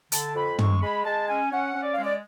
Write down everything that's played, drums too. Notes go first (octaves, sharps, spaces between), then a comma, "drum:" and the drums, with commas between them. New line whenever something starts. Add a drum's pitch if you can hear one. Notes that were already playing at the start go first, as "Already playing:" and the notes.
D3 A5, drum: hi-hat
F2 B5
G#3 C#6, drum: tom
G#3 B5
G#3 A5
C#4 G#5
C#4 F#5
C#4
D5
G#3 F5
D5